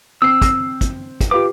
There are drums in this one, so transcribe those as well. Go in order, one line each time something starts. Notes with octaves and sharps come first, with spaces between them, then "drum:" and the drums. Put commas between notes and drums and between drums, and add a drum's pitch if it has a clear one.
C4 E6 C7
drum: kick, hi-hat
drum: kick, hi-hat
drum: kick, hi-hat
F4 G4 B4 D6